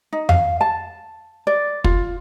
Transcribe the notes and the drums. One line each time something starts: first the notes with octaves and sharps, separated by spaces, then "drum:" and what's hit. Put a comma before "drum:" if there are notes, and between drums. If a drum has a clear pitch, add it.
D#4
F5, drum: tom F2
A5
D5
F4, drum: kick